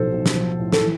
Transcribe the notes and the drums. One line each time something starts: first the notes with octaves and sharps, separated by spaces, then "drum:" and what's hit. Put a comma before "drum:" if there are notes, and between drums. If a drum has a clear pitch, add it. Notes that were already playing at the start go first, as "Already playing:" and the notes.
Already playing: B1 A2 F3 A4 C5
B1
drum: snare
F3
A2
A4, drum: snare
E3